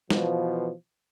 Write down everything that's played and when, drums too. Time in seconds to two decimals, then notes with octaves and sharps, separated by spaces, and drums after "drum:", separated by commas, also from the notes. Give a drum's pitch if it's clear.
0.10 B2 E3 F3, drum: snare